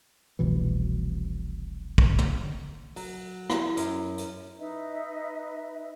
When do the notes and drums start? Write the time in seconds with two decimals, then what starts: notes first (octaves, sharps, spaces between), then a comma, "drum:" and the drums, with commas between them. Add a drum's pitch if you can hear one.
0.39 F1 C2 B2 E3
1.98 drum: kick
2.18 drum: tom
2.96 F#3, drum: open hi-hat
3.50 E4, drum: rim click
3.77 F#2, drum: hi-hat
4.18 drum: hi-hat
4.59 D#4 B4 D#5 E5